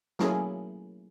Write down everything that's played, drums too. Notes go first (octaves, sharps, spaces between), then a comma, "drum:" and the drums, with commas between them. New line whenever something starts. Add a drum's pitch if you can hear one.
F#3 A3 A#3 C#4 E4 G#4, drum: snare